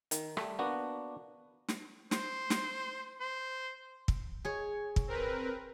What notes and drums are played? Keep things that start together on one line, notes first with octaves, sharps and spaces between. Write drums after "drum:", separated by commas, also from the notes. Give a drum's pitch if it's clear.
D#3, drum: hi-hat
G3 A3, drum: rim click
A#3 B3 D4 F#4
drum: snare
C5, drum: snare
drum: snare
C5
drum: kick
G#4 C#5
drum: kick
C4 A#4 B4